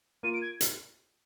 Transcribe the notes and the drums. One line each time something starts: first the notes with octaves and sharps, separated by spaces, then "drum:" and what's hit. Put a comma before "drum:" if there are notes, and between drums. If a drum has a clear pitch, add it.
A#3 F4 A#4 D#7
D7
G#6
drum: hi-hat